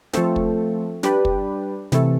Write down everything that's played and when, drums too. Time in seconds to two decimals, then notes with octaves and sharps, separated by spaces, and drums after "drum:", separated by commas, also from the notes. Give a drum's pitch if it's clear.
0.13 F3 A3 C4, drum: snare
0.36 drum: kick
1.03 G3 D4 G4 B4, drum: snare
1.25 drum: kick
1.92 C3 E3 A3, drum: snare